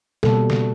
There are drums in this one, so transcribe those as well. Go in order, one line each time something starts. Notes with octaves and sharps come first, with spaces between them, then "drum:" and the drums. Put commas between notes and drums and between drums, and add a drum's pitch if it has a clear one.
B2 G3 A#3 A4, drum: snare
drum: snare